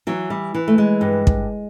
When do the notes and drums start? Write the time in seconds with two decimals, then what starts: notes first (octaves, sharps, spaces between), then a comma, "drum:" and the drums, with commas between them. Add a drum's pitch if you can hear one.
0.07 E3 F#3
0.30 G3
0.54 E3
0.68 A3
0.78 G#3
1.01 G2
1.27 drum: kick